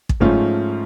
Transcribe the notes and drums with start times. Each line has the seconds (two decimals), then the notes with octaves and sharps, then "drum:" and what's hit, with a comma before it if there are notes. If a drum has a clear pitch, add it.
0.09 drum: kick
0.20 G#2 F3 A3 C#4 F4